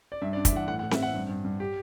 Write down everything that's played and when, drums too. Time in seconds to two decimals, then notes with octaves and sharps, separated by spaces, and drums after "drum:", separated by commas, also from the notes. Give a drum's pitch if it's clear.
0.12 D5
0.22 G2 E5
0.33 D5
0.37 D4
0.45 E5, drum: kick, hi-hat
0.53 E3 F#5
0.68 A2 F#5
0.79 F#5
0.83 A2
0.91 E5, drum: snare C4
0.99 C4 F#5
1.14 G2
1.29 G2
1.45 G2
1.60 G4